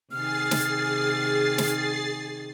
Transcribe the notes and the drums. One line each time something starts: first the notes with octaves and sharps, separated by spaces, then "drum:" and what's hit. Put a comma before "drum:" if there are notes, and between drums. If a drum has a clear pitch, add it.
C3 D#3 G#4 F6 A6 C7
drum: snare
drum: snare